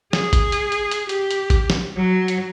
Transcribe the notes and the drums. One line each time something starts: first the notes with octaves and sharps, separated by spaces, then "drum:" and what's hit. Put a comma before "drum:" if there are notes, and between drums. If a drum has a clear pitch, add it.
G#4, drum: snare
drum: kick G#1, hi-hat
drum: hi-hat
drum: hi-hat
drum: hi-hat
G4, drum: hi-hat
drum: hi-hat
drum: kick G#1, hi-hat
drum: snare
F#3
drum: hi-hat